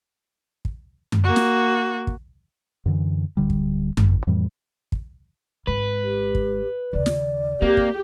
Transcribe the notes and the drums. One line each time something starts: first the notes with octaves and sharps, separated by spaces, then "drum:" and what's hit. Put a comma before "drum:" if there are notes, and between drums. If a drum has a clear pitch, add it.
drum: kick
drum: tom F#2
A#3 F#4
drum: snare
drum: kick
F#2 D3 E3
D1 D3 G3
drum: kick
G#1, drum: tom F#2
F2 A2 E3 G3
drum: kick
G#1 G#3 B4
G4
drum: kick
D#2 C#3 D5
drum: snare
A#3 C4 G4
drum: kick